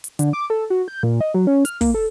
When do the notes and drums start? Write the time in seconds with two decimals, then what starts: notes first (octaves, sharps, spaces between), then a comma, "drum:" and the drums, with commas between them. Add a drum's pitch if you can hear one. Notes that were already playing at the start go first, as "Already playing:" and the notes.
0.04 drum: hi-hat
0.19 D3, drum: hi-hat
0.33 D6
0.50 A4
0.70 F#4
0.88 G6
1.03 A#2
1.21 D#5
1.34 F#3
1.47 C#4
1.65 F6, drum: hi-hat
1.81 A#3, drum: kick, open hi-hat
1.94 A4